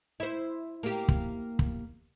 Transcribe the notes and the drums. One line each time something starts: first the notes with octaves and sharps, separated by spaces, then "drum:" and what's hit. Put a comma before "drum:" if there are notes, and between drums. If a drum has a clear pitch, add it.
E4 C5
A#3 G4
drum: kick
drum: kick